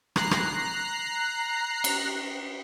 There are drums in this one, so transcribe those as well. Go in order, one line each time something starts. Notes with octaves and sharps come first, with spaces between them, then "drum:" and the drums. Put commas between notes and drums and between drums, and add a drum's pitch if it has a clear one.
A#5 F#6 C7, drum: rim click
drum: rim click
drum: cymbal